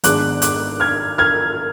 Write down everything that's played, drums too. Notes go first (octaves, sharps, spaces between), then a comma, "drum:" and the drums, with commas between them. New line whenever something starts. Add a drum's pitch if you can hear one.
G#1 G#2 G#3 B3 D4 D6 F#6, drum: hi-hat
D6 F#6, drum: hi-hat
F6 G#6
F6 G#6